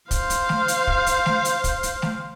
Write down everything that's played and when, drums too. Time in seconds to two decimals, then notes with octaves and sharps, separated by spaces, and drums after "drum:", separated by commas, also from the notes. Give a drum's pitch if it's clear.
0.11 C5 F5, drum: kick, hi-hat
0.30 drum: hi-hat
0.49 drum: snare A3
0.68 drum: hi-hat
0.87 drum: kick
1.06 drum: hi-hat
1.26 drum: snare A3
1.45 drum: hi-hat
1.64 drum: kick, hi-hat
1.83 drum: hi-hat
2.02 drum: snare A3